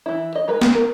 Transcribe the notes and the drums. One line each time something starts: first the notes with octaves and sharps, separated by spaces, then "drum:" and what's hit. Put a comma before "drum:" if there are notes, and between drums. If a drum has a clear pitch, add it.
E3 E4
D#5
G#3 A#4 B4
G#3, drum: snare
A#4